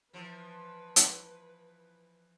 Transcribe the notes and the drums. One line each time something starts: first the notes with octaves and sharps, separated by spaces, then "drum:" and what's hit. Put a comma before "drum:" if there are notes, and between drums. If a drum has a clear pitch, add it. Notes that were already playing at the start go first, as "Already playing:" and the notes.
E3 F3 B4
drum: hi-hat